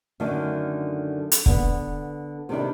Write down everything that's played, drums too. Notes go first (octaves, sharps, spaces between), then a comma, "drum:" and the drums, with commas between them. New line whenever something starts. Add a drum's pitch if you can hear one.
F#2 D3 D#3 A3 D4
drum: hi-hat
D3 B3, drum: kick
C3 D#3 D4 E4